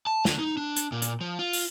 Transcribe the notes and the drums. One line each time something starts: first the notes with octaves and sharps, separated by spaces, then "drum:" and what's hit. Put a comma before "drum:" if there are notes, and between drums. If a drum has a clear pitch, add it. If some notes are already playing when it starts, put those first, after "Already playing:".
A5
D3, drum: snare
D#4
D4
drum: hi-hat
A#2
drum: hi-hat
F3
F4
drum: open hi-hat